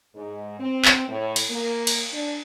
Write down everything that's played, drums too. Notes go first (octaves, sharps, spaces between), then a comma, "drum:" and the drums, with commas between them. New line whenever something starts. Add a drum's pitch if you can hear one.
G#2
C4
drum: clap
A2
drum: cymbal
A#3
drum: cymbal
D4